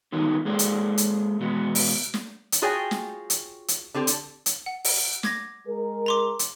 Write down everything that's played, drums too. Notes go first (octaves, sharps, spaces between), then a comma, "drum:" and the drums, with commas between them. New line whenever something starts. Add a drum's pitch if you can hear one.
D3 D#3 G3 B3 D#4 F4
G#3 A#3 G#4 C5 D5
drum: hi-hat
drum: hi-hat
B2 G#3 B3 F#4
drum: open hi-hat
drum: snare
drum: hi-hat
F4 F#4 G#4 C#5 G5 G#5
drum: snare
drum: hi-hat
drum: hi-hat
D3 C4 G4
drum: hi-hat
drum: hi-hat
F#5
drum: open hi-hat
D6 G#6 A#6, drum: snare
G#3 G#4 A#4
A#5 C6 D6
drum: hi-hat